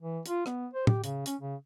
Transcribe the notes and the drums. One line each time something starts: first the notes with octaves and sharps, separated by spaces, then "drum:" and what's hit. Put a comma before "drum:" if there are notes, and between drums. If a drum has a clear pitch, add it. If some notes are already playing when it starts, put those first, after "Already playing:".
E3
F4, drum: hi-hat
B3, drum: rim click
C5
G4, drum: tom A2
C#3, drum: hi-hat
C#4, drum: hi-hat
C#3